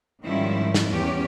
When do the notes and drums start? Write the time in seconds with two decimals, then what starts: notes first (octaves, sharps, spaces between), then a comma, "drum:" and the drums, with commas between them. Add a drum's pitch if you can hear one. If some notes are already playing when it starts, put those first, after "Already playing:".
0.24 G#2 D#3 F3 G3 C#4 E4
0.74 drum: snare
0.89 E2 C#4 G4